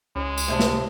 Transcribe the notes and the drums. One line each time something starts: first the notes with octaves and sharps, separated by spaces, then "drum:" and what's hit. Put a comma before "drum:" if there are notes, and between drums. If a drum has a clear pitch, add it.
C#2 G#3 C#4
drum: tambourine
A2 C3 G3 C5 E5 A5
drum: snare